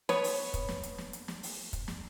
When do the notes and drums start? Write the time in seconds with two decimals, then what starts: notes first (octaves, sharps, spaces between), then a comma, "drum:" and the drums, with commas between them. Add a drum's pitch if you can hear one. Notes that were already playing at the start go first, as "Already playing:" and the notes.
0.09 B3 B4 C#5, drum: snare
0.24 drum: open hi-hat
0.54 drum: kick, hi-hat
0.69 drum: snare
0.83 drum: hi-hat
0.98 drum: snare
1.13 drum: hi-hat
1.28 drum: snare
1.43 drum: open hi-hat
1.73 drum: kick, hi-hat
1.88 drum: snare